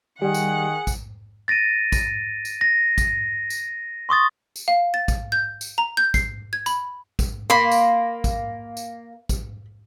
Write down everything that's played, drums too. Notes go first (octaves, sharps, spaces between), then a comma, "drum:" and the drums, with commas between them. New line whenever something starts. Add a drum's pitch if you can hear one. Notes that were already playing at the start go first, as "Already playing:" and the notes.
D#3 G3 G#4 F#5
drum: tambourine
drum: kick A1, tambourine
A6 A#6 D7 D#7
drum: kick A1, tambourine
drum: tambourine
A#6
drum: kick A1, tambourine
drum: tambourine
C6 C#6 D#6 A6
drum: tambourine
F5
A6
drum: kick A1, tambourine
G6
drum: tambourine
A#5
G6
C7, drum: kick A1, tambourine
G#6
B5, drum: tambourine
drum: kick A1, tambourine
A#3 B5 C6
drum: tambourine
drum: kick A1, tambourine
drum: tambourine
drum: kick A1, tambourine